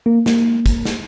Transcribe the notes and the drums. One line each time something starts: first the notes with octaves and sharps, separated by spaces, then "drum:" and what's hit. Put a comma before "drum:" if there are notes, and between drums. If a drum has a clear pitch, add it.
A#3
A#3, drum: snare
drum: kick, hi-hat
drum: snare